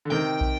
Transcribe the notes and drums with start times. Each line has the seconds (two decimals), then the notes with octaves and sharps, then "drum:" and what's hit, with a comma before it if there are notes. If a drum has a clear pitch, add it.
0.05 D3
0.11 C3 D#3 G5
0.41 drum: kick